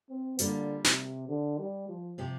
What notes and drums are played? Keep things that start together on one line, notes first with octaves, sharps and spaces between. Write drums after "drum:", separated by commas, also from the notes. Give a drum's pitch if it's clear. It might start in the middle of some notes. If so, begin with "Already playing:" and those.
C4
D3 G3 A#3 F4 A#4, drum: hi-hat
C3, drum: snare
D3
G3
F3
C3 F3 C4 G4